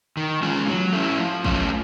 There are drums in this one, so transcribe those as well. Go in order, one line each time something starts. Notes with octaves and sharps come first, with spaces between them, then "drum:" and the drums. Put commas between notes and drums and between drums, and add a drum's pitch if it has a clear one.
D#3
G#3 C#4 F4, drum: tom D3
F#3, drum: tom D#3
A3 C#4 E4
F3
A3 C#4 F4, drum: kick